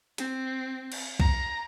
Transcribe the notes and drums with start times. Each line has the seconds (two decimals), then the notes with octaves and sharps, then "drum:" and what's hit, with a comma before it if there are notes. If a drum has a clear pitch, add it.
0.18 C4, drum: hi-hat
0.92 drum: cymbal
1.20 A#5, drum: kick C2